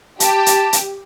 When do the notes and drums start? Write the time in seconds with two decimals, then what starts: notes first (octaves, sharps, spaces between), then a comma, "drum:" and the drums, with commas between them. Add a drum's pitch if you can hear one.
0.20 G4 A5, drum: hi-hat
0.46 drum: hi-hat
0.73 drum: hi-hat